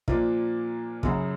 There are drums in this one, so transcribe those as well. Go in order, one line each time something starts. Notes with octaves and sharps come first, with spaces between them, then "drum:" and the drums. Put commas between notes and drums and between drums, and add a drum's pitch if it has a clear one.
A#2 F3 A#3 D4 F4, drum: kick
F#2 C#3 F#3, drum: kick